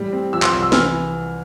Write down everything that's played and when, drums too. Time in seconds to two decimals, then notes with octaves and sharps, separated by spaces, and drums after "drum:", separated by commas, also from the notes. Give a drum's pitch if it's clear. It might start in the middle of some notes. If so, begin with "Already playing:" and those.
Already playing: A2 G3
0.13 C4
0.33 F3 E6
0.42 C6, drum: clap
0.53 C2 E6
0.63 E6
0.72 E3 F6, drum: snare